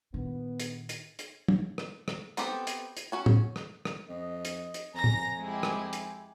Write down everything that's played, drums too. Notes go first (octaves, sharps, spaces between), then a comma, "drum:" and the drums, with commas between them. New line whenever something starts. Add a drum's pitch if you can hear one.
A#2 D#3 B3 D4
drum: hi-hat
drum: hi-hat
drum: hi-hat
drum: tom
drum: rim click
drum: rim click
B3 C4 G4 A4, drum: hi-hat
drum: hi-hat
drum: hi-hat
C#4 F#4 G#5
drum: tom
drum: rim click
drum: rim click
F2 D#5
drum: hi-hat
drum: hi-hat
F2 G#5 A#5 A#6
drum: tom
G#3 E4 G4
drum: rim click
drum: hi-hat